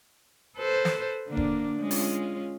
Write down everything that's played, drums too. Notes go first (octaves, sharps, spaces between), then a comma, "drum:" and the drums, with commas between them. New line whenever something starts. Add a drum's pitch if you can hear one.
A4 B4 C5
drum: snare
D3 A#3 D4
drum: kick E1
G#3 C#4 F4
drum: open hi-hat